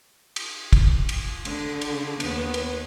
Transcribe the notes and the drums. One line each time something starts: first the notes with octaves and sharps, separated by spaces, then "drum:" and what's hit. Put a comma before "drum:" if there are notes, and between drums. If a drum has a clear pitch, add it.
drum: cymbal
drum: kick, cymbal
drum: cymbal
D3, drum: cymbal
drum: cymbal
D#2 B3, drum: cymbal
drum: cymbal